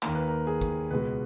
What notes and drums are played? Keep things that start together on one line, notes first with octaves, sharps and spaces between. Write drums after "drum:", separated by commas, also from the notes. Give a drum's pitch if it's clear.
D#2 D#3 A#3 A#4, drum: clap
B4
A#4
G#4
drum: kick
C#2 B2 G#3 B4